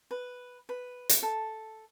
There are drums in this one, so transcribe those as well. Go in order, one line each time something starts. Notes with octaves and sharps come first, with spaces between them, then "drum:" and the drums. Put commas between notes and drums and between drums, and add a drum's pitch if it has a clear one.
B4
B4
drum: hi-hat
A4